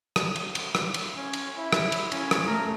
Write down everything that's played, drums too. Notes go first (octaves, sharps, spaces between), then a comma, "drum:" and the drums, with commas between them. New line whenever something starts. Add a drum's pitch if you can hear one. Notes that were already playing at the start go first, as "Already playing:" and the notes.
drum: rim click
drum: cymbal
drum: cymbal
drum: rim click
drum: cymbal
C#4
drum: cymbal
E4
drum: rim click
drum: cymbal
C#4, drum: cymbal
drum: rim click
A3 A#4